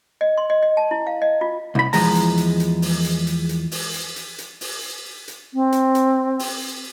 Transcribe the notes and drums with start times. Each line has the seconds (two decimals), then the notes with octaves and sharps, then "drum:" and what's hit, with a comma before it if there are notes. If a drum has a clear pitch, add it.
0.21 D#5
0.38 C6
0.50 D#5
0.63 D#5
0.77 A5
0.91 E4
1.07 F5
1.22 D#5
1.41 F4
1.75 C2 B5
1.93 E2 F3 G#3 A#5, drum: open hi-hat
2.15 drum: hi-hat
2.38 drum: hi-hat
2.60 drum: hi-hat
2.82 drum: open hi-hat
3.04 drum: hi-hat
3.27 drum: hi-hat
3.49 drum: hi-hat
3.71 drum: open hi-hat
3.94 drum: hi-hat
4.16 drum: hi-hat
4.38 drum: hi-hat
4.61 drum: open hi-hat
5.28 drum: hi-hat
5.54 C4
5.72 drum: hi-hat
5.95 drum: hi-hat
6.39 drum: open hi-hat